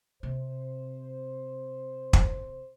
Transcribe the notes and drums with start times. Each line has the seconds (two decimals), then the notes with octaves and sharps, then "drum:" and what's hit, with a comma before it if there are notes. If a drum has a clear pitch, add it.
0.23 C3 C5
2.13 drum: kick